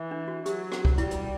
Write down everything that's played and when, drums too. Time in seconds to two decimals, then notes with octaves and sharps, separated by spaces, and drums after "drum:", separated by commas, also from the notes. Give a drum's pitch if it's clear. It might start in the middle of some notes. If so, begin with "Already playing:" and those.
Already playing: E3
0.11 D4
0.28 F#4
0.46 F#3 G4, drum: hi-hat
0.72 drum: rim click
0.85 drum: kick
0.98 G3 E4, drum: hi-hat
1.11 drum: hi-hat